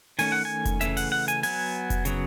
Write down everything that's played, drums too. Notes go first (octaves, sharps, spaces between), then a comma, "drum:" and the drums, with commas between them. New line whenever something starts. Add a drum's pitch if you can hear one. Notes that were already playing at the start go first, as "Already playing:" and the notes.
D#3 A3 C#4 G#5, drum: open hi-hat
F#5
G#5
drum: kick F1, hi-hat
C#3 E3 A3 C#4 E5, drum: hi-hat
F#5, drum: open hi-hat
F#5
G#5, drum: hi-hat
F#3 B3 G#5, drum: open hi-hat
drum: kick F1, hi-hat
C#3 F#3 B3, drum: hi-hat